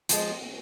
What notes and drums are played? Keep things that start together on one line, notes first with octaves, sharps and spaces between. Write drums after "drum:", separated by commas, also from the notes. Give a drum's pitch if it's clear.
F3 G#3, drum: hi-hat